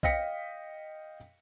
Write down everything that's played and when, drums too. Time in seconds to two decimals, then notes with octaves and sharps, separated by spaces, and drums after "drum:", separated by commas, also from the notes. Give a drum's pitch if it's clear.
0.03 D#5 F5 G5 A#6 B6 C#7, drum: kick B1